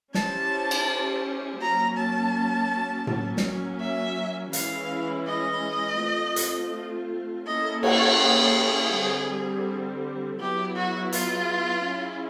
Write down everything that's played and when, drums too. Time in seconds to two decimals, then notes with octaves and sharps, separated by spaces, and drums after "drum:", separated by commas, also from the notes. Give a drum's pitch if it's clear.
0.14 C#4 E4 G4 C5 A5, drum: snare
0.71 drum: cymbal
1.61 F#3 A#3 C#4 A#5
1.97 A5
3.07 F#3 A#3 C#4, drum: tom A2
3.37 drum: snare
3.80 E5
4.53 E3 G#3 C#4 E4 F5, drum: hi-hat
5.28 D#5
6.00 A3 C4 F4
6.36 drum: hi-hat
7.46 A#3 C#4 E4 A4 D#5
7.83 C#5, drum: cymbal
8.21 G#4
8.93 D3 G3 C4
10.40 F#3 B3 E4 G4 G#4
10.76 F#4
11.12 F4, drum: hi-hat
11.86 C#4 E4 G#4